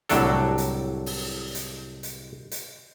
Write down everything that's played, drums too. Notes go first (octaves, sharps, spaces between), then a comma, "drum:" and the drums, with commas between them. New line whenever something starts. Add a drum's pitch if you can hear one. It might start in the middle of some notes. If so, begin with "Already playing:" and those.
C2 A2 F#3 D4 A4, drum: hi-hat
drum: hi-hat
drum: open hi-hat
drum: hi-hat
drum: hi-hat
drum: hi-hat